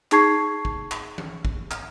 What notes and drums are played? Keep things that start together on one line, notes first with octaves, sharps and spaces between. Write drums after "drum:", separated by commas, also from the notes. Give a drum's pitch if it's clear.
D#4 G#4 A5 C#6 G#6 C7, drum: clap
drum: kick
drum: clap
drum: tom E3
drum: kick
drum: clap